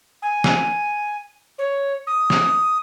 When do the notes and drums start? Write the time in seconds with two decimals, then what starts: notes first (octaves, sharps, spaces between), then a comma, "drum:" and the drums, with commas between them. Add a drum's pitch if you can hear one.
0.22 G#5
0.44 drum: snare
1.58 C#5
2.07 D#6
2.30 drum: snare